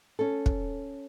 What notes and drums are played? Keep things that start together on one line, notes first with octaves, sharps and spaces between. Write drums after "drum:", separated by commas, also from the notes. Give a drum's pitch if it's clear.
C#4 A4
drum: kick